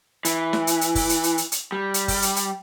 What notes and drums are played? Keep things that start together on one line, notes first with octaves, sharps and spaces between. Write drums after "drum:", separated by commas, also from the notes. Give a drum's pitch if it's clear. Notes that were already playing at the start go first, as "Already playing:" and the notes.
E3, drum: hi-hat
drum: snare
drum: hi-hat
drum: hi-hat
drum: kick, open hi-hat
drum: hi-hat
drum: hi-hat
drum: hi-hat
drum: hi-hat
G3
drum: hi-hat
drum: kick, open hi-hat
drum: hi-hat
drum: hi-hat